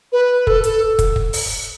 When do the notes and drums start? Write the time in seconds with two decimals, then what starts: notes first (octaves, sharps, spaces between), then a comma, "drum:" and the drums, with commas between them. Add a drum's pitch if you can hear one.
0.12 B4
0.47 A4, drum: kick
0.64 A4, drum: hi-hat
0.99 drum: kick, hi-hat
1.16 drum: kick
1.33 drum: open hi-hat